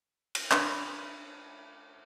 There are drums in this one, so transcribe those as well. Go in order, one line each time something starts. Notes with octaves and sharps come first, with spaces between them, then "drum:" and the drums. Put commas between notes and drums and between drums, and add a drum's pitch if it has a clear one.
drum: cymbal
D4 B4, drum: clap